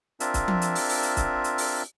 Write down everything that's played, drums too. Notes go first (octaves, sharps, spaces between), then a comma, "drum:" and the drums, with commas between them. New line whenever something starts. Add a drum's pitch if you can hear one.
C4 D4 F4 A#4 E5, drum: hi-hat
drum: kick, hi-hat
drum: tom F3
drum: hi-hat
drum: open hi-hat
drum: open hi-hat
drum: hi-hat
drum: kick, hi-hat
drum: hi-hat
drum: open hi-hat